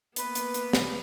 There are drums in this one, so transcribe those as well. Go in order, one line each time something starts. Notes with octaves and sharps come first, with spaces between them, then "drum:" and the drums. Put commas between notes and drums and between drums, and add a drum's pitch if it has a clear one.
A#3 B3 B4, drum: hi-hat
drum: hi-hat
drum: hi-hat
drum: snare